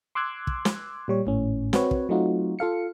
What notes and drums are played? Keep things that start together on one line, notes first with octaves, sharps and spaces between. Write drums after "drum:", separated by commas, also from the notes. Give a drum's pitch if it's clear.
C6 D6 E6 F#6 G#6
drum: kick
drum: snare
A#2 G3 C#5
G#1 A2 C#4
C4 F#4 B4 C#5, drum: snare
drum: kick
F#3 A3 C4 D#4 F4 F#4
F4 A4 F5 C#7